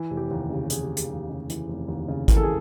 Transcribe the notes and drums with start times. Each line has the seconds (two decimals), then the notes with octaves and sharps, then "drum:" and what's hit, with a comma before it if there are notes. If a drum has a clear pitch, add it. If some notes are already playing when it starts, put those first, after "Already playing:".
Already playing: E3
0.10 F1
0.17 G4
0.31 D#2
0.50 C#3
0.70 E3 G#4, drum: hi-hat
0.83 G4
0.90 F1
0.97 G#4, drum: hi-hat
1.09 D#2
1.29 C#3
1.50 E3, drum: hi-hat
1.68 F1
1.88 D#2
2.08 C#3
2.28 E3 A#4, drum: kick G#1, hi-hat
2.36 A4
2.43 G#4